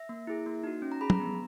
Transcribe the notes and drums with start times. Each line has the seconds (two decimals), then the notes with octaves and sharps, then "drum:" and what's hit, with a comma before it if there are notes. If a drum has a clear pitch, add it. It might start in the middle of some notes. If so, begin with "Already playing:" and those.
Already playing: E5
0.09 A#3
0.27 E4 G#4
0.46 A#3
0.64 D#4 F#4
0.82 C#4
0.92 A#5
1.01 G#4 B5
1.10 A#5, drum: tom
1.20 B3